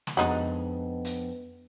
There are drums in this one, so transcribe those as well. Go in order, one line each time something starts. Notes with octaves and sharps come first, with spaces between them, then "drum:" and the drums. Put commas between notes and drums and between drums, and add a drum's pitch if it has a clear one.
drum: snare
F2 G#3 B3 D4 D#4 F#4
drum: hi-hat